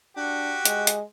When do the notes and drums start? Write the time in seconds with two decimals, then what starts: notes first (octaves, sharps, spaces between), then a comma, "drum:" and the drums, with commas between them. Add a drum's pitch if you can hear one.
0.17 D4 F#4 G4
0.65 G#3, drum: hi-hat
0.87 drum: hi-hat